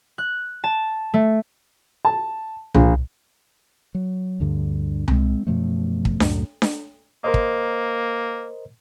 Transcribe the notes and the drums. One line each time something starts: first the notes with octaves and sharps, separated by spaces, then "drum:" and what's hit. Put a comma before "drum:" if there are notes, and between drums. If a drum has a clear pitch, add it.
F#6
A5
A3
A5
A#1, drum: tom C2
F#3
D2 G2 D3
G#3 C4, drum: tom C2
F#2 B2 F3 A3
drum: kick
C#2 F#2 A2, drum: snare D4
drum: snare D4
A#3 A#4 C5 D#5
drum: kick